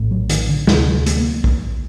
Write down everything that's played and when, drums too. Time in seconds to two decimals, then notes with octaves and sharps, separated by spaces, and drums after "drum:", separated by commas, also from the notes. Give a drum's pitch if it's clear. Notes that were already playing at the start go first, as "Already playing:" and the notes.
Already playing: A#1 A2
0.11 F#3
0.30 D#3, drum: hi-hat
0.49 D3
0.67 D2 C3 D#3, drum: snare
0.87 F#3
1.06 A3, drum: hi-hat
1.20 A#3
1.44 drum: kick